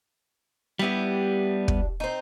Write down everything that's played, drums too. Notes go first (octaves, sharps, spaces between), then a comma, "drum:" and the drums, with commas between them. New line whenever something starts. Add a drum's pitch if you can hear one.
G3 B3 D4 E4 G4
drum: kick
C4 D#4